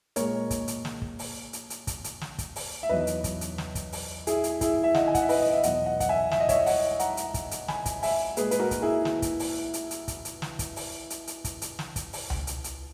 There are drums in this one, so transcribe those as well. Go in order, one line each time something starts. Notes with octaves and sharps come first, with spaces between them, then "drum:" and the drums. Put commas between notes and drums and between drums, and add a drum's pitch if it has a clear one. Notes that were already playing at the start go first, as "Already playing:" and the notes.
A#2 G#3 A#4 C#5, drum: hi-hat
drum: kick, hi-hat
drum: hi-hat
drum: snare
drum: kick
drum: open hi-hat
drum: hi-hat
drum: hi-hat
drum: kick, hi-hat
drum: hi-hat
drum: snare
drum: kick, hi-hat
drum: open hi-hat
E5
E2 D#3 F#3 B4 D#5
drum: hi-hat
drum: kick, hi-hat
drum: hi-hat
drum: snare
drum: kick, hi-hat
drum: open hi-hat
E4 G#4, drum: hi-hat
drum: hi-hat
E4 G#4, drum: kick, hi-hat
E5
D#5 F#5, drum: snare
G#5
F#5, drum: kick, hi-hat
E5
B4 D#5, drum: open hi-hat
D#5
E5
E2 B2 F#3 D#5 F#5, drum: hi-hat
D#5 F#5
F#5, drum: kick, hi-hat
E5 G#5
E5, drum: snare
D#5
C#5 E5, drum: kick, hi-hat
D#5 F#5, drum: open hi-hat
F#5 A#5, drum: hi-hat
drum: hi-hat
drum: kick, hi-hat
drum: hi-hat
G#5 B5, drum: snare
drum: kick, hi-hat
E5 G#5, drum: open hi-hat
A#2 G#3 G#4 B4, drum: hi-hat
B4, drum: hi-hat
F#4 A#4
drum: kick, hi-hat
E4 G#4
drum: snare
drum: kick, hi-hat
drum: open hi-hat
drum: hi-hat
drum: hi-hat
drum: kick, hi-hat
drum: hi-hat
drum: snare
drum: kick, hi-hat
drum: open hi-hat
drum: hi-hat
drum: hi-hat
drum: kick, hi-hat
drum: hi-hat
drum: snare
drum: kick, hi-hat
drum: open hi-hat
drum: tom C#2
drum: hi-hat
drum: hi-hat